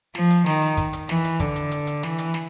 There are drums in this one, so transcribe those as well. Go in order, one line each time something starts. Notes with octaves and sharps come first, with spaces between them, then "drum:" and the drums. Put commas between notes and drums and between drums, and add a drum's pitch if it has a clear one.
F3, drum: snare
drum: hi-hat
D#3, drum: snare
drum: hi-hat
drum: kick, hi-hat
drum: hi-hat
E3, drum: snare
drum: hi-hat
D3, drum: kick, hi-hat
drum: hi-hat
drum: hi-hat
drum: hi-hat
E3, drum: snare
drum: hi-hat
drum: snare